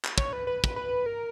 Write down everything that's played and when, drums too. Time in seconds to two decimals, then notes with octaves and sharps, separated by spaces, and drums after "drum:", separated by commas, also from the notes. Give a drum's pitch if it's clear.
0.04 drum: clap
0.18 C#5, drum: kick
0.33 B4
0.47 B4
0.64 drum: kick
0.76 B4
1.06 A#4